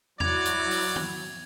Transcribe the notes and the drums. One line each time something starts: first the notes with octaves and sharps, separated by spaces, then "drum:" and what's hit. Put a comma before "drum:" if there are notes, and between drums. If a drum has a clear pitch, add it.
F#3 E4 F#4 D5 G#6 F7, drum: tom E2
drum: hi-hat
drum: open hi-hat
drum: tom D#3